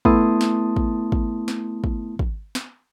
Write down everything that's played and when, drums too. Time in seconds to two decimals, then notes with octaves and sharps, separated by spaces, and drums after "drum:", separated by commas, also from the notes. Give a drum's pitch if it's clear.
0.05 A3 B3 E4 A5 C6 D#6, drum: kick
0.41 drum: snare
0.76 drum: kick
1.12 drum: kick
1.48 drum: snare
1.84 drum: kick
2.19 drum: kick
2.55 drum: snare